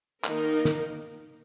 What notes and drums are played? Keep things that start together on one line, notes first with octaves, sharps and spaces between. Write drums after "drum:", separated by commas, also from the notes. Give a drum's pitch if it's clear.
D#3 A#3 D#4 A#4, drum: clap
drum: snare